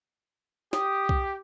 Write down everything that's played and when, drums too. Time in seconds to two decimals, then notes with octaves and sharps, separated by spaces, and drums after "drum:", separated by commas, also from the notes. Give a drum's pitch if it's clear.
0.73 G4 D#6, drum: snare
1.09 drum: kick